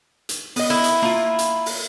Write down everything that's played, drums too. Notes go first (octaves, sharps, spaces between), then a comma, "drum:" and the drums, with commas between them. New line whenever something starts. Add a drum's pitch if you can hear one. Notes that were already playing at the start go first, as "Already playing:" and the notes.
drum: hi-hat
B3 D#5, drum: open hi-hat
E4
drum: hi-hat
A#3 F4
drum: hi-hat
drum: open hi-hat